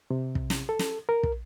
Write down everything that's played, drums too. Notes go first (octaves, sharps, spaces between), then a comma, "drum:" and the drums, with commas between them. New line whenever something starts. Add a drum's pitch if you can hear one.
C3
drum: kick
drum: snare
A4
drum: snare
A#4
drum: kick